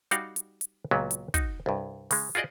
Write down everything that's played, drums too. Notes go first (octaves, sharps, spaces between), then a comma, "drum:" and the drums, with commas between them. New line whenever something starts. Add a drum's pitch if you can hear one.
G3 D#4 F#4 D5 F5 G5, drum: hi-hat
drum: hi-hat
drum: hi-hat
C#2 A#2 F#3 B3
drum: hi-hat
D#4 F#4, drum: kick, hi-hat
C2 G2
C#3 G#3, drum: open hi-hat
F4 F#4 G#4 D5 D#5